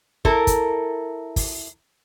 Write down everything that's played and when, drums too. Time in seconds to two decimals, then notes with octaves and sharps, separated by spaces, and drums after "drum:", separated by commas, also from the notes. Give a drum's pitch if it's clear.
0.25 E4 A4 A#4, drum: kick
0.47 drum: kick, hi-hat
1.36 drum: kick, open hi-hat